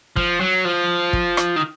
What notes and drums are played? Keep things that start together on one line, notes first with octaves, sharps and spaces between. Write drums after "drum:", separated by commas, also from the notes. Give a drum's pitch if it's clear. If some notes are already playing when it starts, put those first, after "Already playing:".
F3, drum: kick
F#3
F3
drum: kick
drum: rim click
D#3